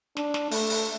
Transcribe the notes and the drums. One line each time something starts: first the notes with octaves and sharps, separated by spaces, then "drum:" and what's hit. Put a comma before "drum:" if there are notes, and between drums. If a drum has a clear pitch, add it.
D4, drum: snare
drum: snare
A3, drum: open hi-hat
drum: open hi-hat